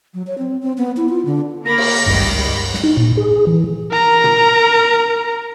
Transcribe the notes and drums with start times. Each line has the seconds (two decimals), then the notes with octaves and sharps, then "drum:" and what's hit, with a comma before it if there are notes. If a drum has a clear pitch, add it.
0.14 F#3
0.27 C#5
0.38 C4
0.62 C4
0.78 B3
0.97 E4
1.09 F4
1.25 D3
1.65 A#3 A#4 B5 D6 A#6
1.78 drum: cymbal
2.06 G#1 C#2 G2 D#3 G3
2.74 drum: snare
2.83 D#4
2.97 A#2
3.17 G#4
3.47 E3
3.91 A#4 A#5
4.24 drum: tom